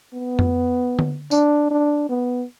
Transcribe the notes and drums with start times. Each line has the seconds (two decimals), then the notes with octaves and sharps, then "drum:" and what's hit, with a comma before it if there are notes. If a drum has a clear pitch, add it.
0.13 B3
0.39 drum: tom F2
0.99 drum: tom D3
1.31 D4, drum: tambourine
1.70 D4
2.09 B3